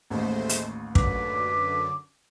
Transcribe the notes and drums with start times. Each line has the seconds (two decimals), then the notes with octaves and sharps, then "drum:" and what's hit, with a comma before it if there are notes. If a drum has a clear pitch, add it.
0.10 A1 D#2 G#3 A3 C5
0.49 drum: hi-hat
0.95 F#2 D3 B4 D6, drum: kick